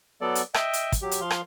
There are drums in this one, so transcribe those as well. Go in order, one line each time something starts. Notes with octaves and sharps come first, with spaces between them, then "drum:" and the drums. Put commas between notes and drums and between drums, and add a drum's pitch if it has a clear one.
F#3 B3 A4 D5
drum: hi-hat
D#5 E5 G5, drum: rim click
drum: hi-hat
drum: kick, hi-hat
F#3 G4
drum: hi-hat
F3 F5 C6
drum: rim click